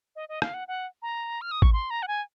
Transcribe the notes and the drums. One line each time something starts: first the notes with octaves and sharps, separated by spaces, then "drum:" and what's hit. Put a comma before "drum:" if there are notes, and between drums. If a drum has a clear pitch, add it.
D#5
D#5
F5, drum: rim click
F#5
F#5
A#5
F6
D#6
C#6, drum: kick G#1
C6
A#5
F#5
G#5